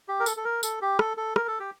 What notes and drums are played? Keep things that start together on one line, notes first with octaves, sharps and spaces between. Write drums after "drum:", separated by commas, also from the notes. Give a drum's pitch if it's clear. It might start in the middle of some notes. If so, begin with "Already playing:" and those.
G4
A#4
A4, drum: tambourine
A4
A#4
A4, drum: tambourine
G4
A4, drum: rim click
A4
A#4, drum: rim click
A4
G4